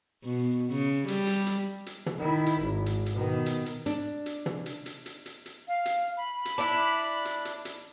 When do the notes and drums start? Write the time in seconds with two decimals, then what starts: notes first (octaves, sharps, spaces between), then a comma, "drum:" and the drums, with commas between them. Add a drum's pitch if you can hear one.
0.24 B2
0.71 C#3
1.08 G3, drum: hi-hat
1.27 drum: hi-hat
1.47 drum: hi-hat
1.86 drum: hi-hat
2.06 drum: tom
2.19 D#3 E4
2.46 drum: hi-hat
2.61 G#1
2.86 drum: hi-hat
3.06 drum: hi-hat
3.15 B2 D#3
3.46 drum: hi-hat
3.66 drum: hi-hat
3.86 D4, drum: hi-hat
4.26 drum: hi-hat
4.46 drum: tom
4.66 drum: hi-hat
4.86 drum: hi-hat
5.06 drum: hi-hat
5.26 drum: hi-hat
5.46 drum: hi-hat
5.68 F5
5.86 drum: hi-hat
6.17 B5
6.45 drum: hi-hat
6.58 D4 E4
7.25 drum: hi-hat
7.45 drum: hi-hat
7.65 drum: hi-hat